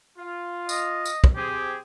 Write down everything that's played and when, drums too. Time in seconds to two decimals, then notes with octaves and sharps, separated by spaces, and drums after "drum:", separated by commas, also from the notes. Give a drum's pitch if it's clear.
0.18 F4
0.69 D#5, drum: tambourine
1.05 drum: tambourine
1.24 drum: kick
1.36 C4 G4 G#4